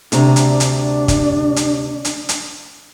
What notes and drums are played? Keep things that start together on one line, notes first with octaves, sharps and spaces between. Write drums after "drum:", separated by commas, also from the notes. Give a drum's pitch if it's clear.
D2 C3 D4 A#5, drum: hi-hat
drum: hi-hat
drum: hi-hat
drum: kick, hi-hat
drum: hi-hat
drum: hi-hat
drum: hi-hat